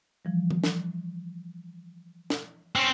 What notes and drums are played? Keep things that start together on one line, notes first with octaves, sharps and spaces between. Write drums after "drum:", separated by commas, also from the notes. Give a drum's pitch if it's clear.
E3 F3 G3
drum: tom D#3
drum: snare
drum: snare
C4 C#4